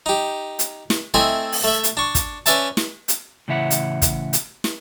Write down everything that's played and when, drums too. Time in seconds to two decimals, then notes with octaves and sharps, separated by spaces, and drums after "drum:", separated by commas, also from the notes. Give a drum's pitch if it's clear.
0.06 D#4 G4
0.59 drum: hi-hat
0.90 drum: snare
1.14 A3 C4 E4 D#5 E5 G#5
1.52 drum: open hi-hat
1.64 A3 E5
1.83 drum: hi-hat
1.97 D4 C#6
2.15 drum: kick, hi-hat
2.46 C#4 B4 D5 E5 A5, drum: hi-hat
2.77 drum: snare
3.08 drum: hi-hat
3.48 A2 C#3 E3 E5 F#5
3.71 drum: hi-hat
4.02 drum: kick, hi-hat
4.33 drum: hi-hat
4.64 drum: snare